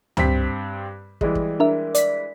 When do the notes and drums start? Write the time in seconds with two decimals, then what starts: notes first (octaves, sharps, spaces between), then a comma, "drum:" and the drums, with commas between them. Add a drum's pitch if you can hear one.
0.17 G2 C4 B6, drum: tom C#2
1.21 E3 G3 G#3, drum: kick
1.35 drum: kick
1.60 D4 A#4 E5
1.95 D5 B6, drum: hi-hat